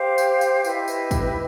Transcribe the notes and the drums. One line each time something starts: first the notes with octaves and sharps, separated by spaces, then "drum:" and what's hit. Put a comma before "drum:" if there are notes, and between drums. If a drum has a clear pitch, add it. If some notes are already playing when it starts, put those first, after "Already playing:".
Already playing: G4 C5 F5
drum: tambourine
drum: tambourine
E4 G4 B4 D#5, drum: tambourine
drum: tambourine
drum: kick, tambourine